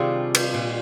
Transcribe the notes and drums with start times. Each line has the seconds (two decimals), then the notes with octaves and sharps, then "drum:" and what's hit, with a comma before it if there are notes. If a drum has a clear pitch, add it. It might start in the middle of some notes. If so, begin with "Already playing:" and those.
Already playing: C3 D#3 G3 D4 F4 G#4
0.34 drum: cymbal
0.54 A#2